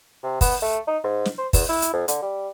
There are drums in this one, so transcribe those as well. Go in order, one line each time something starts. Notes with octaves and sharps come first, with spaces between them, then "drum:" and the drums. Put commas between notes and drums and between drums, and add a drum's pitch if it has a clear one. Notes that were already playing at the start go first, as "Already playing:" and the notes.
C3
B3, drum: kick, open hi-hat
A3
D#4
G#2
drum: snare
C5
E2, drum: kick, open hi-hat
E4
drum: hi-hat
F2
D3, drum: hi-hat
G3